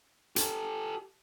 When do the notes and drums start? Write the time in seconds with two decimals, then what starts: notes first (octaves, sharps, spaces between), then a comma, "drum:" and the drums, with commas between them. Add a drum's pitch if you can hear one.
0.36 G4 A4, drum: hi-hat